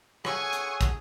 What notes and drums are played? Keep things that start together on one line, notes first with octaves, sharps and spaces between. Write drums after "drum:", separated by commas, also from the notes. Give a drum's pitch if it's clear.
G#4 A4 C#5 F#5 G#5 C#6, drum: rim click
drum: hi-hat
drum: kick, hi-hat